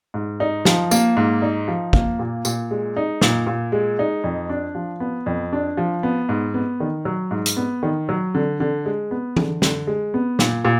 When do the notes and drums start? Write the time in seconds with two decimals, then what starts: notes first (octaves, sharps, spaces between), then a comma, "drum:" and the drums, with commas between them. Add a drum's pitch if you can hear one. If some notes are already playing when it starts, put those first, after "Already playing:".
0.14 G#2
0.40 D#4
0.65 F3, drum: snare
0.91 A#3, drum: tambourine
1.17 G#2
1.42 D#4
1.68 F3
1.93 A#3, drum: kick
2.19 A#2
2.45 A#2, drum: tambourine
2.71 G#3
2.97 D#4
3.21 A#2, drum: snare
3.47 A#2
3.72 G#3
3.99 D#4
4.24 F2
4.49 D4
4.75 F3
5.00 B3
5.26 F2
5.53 D4
5.77 F3
6.03 B3
6.29 G#2
6.54 B3
6.80 D#3
7.05 F#3
7.31 G#2
7.46 drum: hi-hat
7.57 B3
7.83 D#3
8.09 F#3
8.35 D3
8.60 D3
8.86 G#3
9.11 B3
9.37 D3, drum: tom E3
9.62 D3, drum: snare
9.87 G#3
10.14 B3
10.39 A#2, drum: snare
10.65 A#2